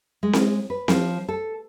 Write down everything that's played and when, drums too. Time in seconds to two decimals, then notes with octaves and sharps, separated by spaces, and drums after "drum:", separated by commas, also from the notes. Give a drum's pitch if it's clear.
0.23 G#3
0.33 drum: snare C4
0.70 B4
0.88 F3, drum: snare C4
1.29 A4